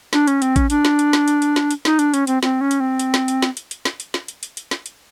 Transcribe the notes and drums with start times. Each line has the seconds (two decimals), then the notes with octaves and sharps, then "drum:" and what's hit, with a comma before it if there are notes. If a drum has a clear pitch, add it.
0.13 D4, drum: snare
0.27 C#4, drum: hi-hat
0.42 C4, drum: hi-hat
0.56 C#4, drum: kick A1, hi-hat
0.70 D4, drum: hi-hat
0.85 drum: snare
0.99 drum: hi-hat
1.13 drum: snare
1.28 drum: hi-hat
1.42 drum: hi-hat
1.56 drum: snare
1.71 drum: hi-hat
1.85 D#4, drum: snare
1.99 D4, drum: hi-hat
2.14 C#4, drum: hi-hat
2.27 C4, drum: hi-hat
2.43 C4, drum: snare
2.61 C#4
2.71 drum: hi-hat
2.80 C4
2.99 drum: hi-hat
3.14 drum: snare
3.28 drum: hi-hat
3.42 drum: snare
3.57 drum: hi-hat
3.71 drum: hi-hat
3.85 drum: snare
4.00 drum: hi-hat
4.14 drum: snare
4.28 drum: hi-hat
4.43 drum: hi-hat
4.57 drum: hi-hat
4.71 drum: snare
4.86 drum: hi-hat